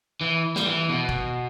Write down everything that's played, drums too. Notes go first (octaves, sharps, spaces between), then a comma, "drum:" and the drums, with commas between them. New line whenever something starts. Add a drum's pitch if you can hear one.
E3
G3, drum: snare
E3
B2
drum: kick